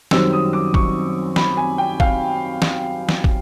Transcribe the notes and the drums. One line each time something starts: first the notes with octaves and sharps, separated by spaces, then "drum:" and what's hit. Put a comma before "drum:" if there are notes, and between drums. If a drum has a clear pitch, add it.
F#2 D#3 G3 C4 E6, drum: snare
D#6
D6
C#6, drum: kick
B5, drum: snare
G#5
G5
F5, drum: kick
drum: snare
drum: snare
drum: kick